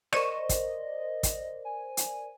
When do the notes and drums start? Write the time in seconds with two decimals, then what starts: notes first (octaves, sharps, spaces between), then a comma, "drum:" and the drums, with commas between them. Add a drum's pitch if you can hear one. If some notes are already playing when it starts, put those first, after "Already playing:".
0.13 A#4 C5 D5 D#5 C#6 D#7 E7, drum: rim click
0.49 drum: kick, hi-hat
1.23 drum: kick, hi-hat
1.65 G#5
1.97 drum: hi-hat